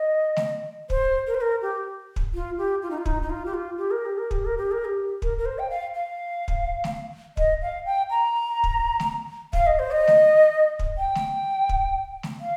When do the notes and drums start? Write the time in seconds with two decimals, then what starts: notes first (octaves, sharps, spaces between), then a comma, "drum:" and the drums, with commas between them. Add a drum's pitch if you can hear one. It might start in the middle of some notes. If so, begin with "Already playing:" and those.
Already playing: D#5
0.36 drum: snare A3
0.90 C5, drum: kick
1.27 A#4
1.34 C5
1.41 A#4
1.62 G4
2.16 drum: kick
2.34 F4
2.58 G4
2.82 F4
2.91 D#4
2.98 F4
3.06 D#4, drum: kick
3.22 D#4
3.30 F4
3.46 G4
3.54 F4
3.78 G4
3.91 A#4
4.05 G4
4.18 A#4
4.31 G4, drum: kick
4.45 A#4
4.57 G4
4.72 A#4
4.85 G4
5.22 A#4, drum: kick
5.38 A#4
5.45 C5
5.59 G5
5.70 F5
5.94 F5
6.48 drum: kick
6.84 drum: snare A3
7.37 D#5, drum: kick
7.62 F5
7.85 G5
8.10 A#5
8.64 drum: kick
9.00 drum: snare A3
9.53 F5, drum: kick
9.67 D#5
9.79 C5
9.91 D#5
10.07 drum: snare A3
10.79 drum: kick
10.98 G5
11.15 drum: snare A3
11.69 drum: kick
12.23 drum: snare A3
12.41 F5